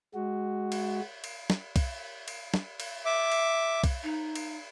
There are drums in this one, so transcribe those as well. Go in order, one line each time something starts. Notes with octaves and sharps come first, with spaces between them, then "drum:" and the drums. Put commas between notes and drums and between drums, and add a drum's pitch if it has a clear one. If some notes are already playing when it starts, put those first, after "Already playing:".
G#3 F#4
drum: cymbal
drum: cymbal
drum: snare
drum: kick, cymbal
drum: cymbal
drum: snare
drum: cymbal
E5 D6
drum: cymbal
drum: kick, cymbal
D#4
drum: cymbal